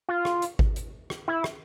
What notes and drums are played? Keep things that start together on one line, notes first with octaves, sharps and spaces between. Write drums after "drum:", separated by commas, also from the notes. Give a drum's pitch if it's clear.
F4
drum: rim click
drum: hi-hat
drum: kick G#1
drum: hi-hat
drum: rim click
E4
drum: rim click